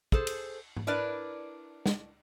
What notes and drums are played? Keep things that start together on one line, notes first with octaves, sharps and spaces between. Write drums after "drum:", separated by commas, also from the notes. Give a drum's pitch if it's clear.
G#4 A4 C5, drum: kick
drum: cymbal
drum: tom G#2
D4 E4 A#4 B4 D5
drum: snare